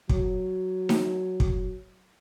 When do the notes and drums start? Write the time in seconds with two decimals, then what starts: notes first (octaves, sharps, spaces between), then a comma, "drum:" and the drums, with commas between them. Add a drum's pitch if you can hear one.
0.09 F#3, drum: kick
0.89 drum: snare D#4
1.40 drum: kick